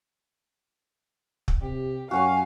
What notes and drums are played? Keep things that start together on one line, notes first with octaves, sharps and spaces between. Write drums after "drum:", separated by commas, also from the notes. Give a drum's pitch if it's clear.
drum: kick
C3 G4
F#2 F#4 C#5 F5 G#5 C#6